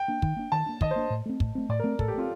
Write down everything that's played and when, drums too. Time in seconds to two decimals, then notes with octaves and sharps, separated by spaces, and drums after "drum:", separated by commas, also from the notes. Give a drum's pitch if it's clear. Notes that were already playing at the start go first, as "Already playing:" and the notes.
Already playing: G5
0.08 A#3 D4
0.22 D#3, drum: kick
0.37 A#3 D4
0.52 D#3 A5
0.66 A#3 D4
0.81 D#3 D#5, drum: kick
0.91 C5
0.96 A#3 D4
1.10 A2
1.26 A3 C4
1.40 A2, drum: kick
1.55 A3 C4
1.69 A2 D5
1.80 A#4
1.84 A3 C4
1.99 A2 A4, drum: kick
2.08 G4
2.14 A3 C4 F4